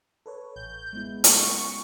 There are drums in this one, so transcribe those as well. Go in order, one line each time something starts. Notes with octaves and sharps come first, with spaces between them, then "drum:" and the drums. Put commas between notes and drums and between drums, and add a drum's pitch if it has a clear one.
A4 B4 C#5
A1 G6
G#3 B3 E4
G#3 C#4 E4 F#4 A#4 F#5 C#6, drum: hi-hat